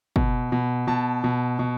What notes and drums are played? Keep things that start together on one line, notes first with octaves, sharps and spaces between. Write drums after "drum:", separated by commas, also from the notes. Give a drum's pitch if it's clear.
B2, drum: kick
B2
B2 A5
B2
B2